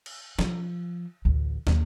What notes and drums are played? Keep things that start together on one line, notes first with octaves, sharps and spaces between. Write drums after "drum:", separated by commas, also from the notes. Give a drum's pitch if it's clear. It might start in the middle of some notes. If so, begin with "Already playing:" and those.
drum: cymbal
F3, drum: snare
A1 D2
D#2, drum: snare